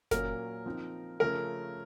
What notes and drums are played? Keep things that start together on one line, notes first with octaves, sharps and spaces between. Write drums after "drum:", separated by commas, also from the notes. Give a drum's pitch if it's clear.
A#2 F#3 A#3 C#4 A#4, drum: snare F#1
F3 C4 D#4
C#3 F3 A3 C#4 A#4